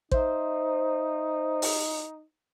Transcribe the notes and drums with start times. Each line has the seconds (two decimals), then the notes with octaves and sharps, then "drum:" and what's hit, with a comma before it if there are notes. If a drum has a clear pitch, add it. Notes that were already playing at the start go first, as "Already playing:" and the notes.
0.11 D#4 C5 E5, drum: kick
1.62 drum: open hi-hat